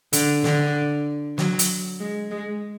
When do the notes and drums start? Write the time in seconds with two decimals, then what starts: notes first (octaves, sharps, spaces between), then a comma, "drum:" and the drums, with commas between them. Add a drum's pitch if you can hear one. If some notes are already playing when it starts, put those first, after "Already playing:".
0.13 D3, drum: hi-hat
0.44 D3, drum: snare
1.38 F#3, drum: snare
1.59 drum: hi-hat
2.00 G#3
2.31 G#3